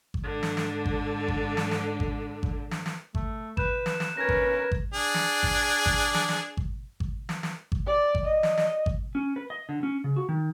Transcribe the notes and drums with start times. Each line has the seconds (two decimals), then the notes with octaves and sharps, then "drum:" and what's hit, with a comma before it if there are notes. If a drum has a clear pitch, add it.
0.14 drum: kick G#1
0.23 G#2 D3 D4
0.43 drum: snare
0.57 drum: snare
0.86 drum: kick G#1
1.28 drum: kick G#1
1.57 drum: snare
1.71 drum: snare
2.00 drum: kick G#1
2.43 drum: kick G#1
2.71 drum: snare
2.86 drum: snare
3.15 A3, drum: kick G#1
3.57 B4 F#6 G6 E7, drum: kick G#1
3.86 drum: snare
4.00 drum: snare
4.17 C#4 A#4 B4 G#6 A#6
4.29 drum: kick G#1
4.71 drum: kick G#1
4.94 D4 G#4
5.14 drum: snare
5.43 drum: kick G#1
5.86 drum: kick G#1
6.14 drum: snare
6.29 drum: snare
6.57 drum: kick G#1
7.00 drum: kick G#1
7.29 drum: snare
7.43 drum: snare
7.72 drum: kick G#1
7.86 D5
8.15 drum: kick G#1
8.25 D#5
8.43 drum: snare
8.57 drum: snare
8.86 drum: kick G#1
9.15 C#4
9.36 B4
9.50 D#5
9.69 D3
9.83 C#4
10.04 C#3
10.16 F#4
10.29 D#3